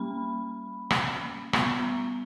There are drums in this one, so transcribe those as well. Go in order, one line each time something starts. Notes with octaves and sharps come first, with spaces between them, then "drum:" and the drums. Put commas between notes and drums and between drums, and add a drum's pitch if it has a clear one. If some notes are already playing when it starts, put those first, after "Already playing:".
Already playing: G3 A#3 C#4 B5
drum: rim click
G3 B3 C#6, drum: rim click
A#5